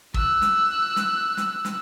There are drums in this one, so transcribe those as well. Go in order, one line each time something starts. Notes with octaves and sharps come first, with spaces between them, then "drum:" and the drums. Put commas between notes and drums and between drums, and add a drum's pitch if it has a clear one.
E6 F#6, drum: kick
drum: snare
drum: snare
drum: snare
drum: snare